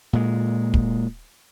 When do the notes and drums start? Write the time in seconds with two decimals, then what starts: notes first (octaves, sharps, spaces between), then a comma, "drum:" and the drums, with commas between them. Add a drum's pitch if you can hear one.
0.13 A#2 G#3
0.74 drum: kick